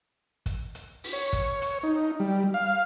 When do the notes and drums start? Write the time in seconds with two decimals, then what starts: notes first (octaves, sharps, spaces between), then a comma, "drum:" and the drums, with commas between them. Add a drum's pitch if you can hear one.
0.46 drum: kick, hi-hat
0.75 drum: hi-hat
1.04 drum: open hi-hat
1.13 C#5
1.33 drum: kick, hi-hat
1.62 drum: hi-hat
1.83 D#4
2.20 G3
2.54 F5